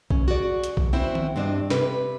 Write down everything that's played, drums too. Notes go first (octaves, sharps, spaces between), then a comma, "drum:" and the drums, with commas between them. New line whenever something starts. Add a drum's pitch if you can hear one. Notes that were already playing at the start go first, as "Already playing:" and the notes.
C#4, drum: kick A#1
F#4 G#4 D5
drum: hi-hat
drum: kick A#1
C4 C#4 E4 F#4 C5
drum: tom D#3
G2 C4 D4 D#5
C3 B4, drum: snare